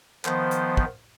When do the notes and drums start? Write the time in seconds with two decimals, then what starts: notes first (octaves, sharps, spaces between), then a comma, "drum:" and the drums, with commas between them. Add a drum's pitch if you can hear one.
0.25 D#3 F3 B3 C5, drum: clap
0.51 drum: hi-hat
0.77 drum: kick